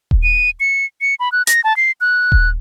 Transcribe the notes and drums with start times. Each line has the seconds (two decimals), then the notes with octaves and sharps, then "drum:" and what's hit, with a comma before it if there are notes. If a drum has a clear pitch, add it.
0.11 drum: kick D#1
0.23 D#7
0.60 C#7
1.01 C#7
1.20 B5
1.32 F#6
1.47 A#6, drum: hi-hat
1.64 A5
1.77 C7
2.01 F#6
2.32 drum: kick D#1